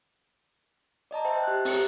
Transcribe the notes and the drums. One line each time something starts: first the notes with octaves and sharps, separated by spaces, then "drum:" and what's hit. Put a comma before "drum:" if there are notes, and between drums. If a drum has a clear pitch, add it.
D5 D#5 A5 A#5
C5 E5 G5 A#5
G4 E5 F#6
C4 G4, drum: open hi-hat